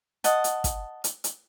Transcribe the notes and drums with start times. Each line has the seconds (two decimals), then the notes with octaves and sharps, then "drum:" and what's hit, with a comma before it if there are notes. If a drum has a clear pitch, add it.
0.24 D#5 F#5 A5, drum: hi-hat
0.44 drum: hi-hat
0.64 drum: kick, hi-hat
1.04 drum: hi-hat
1.24 drum: hi-hat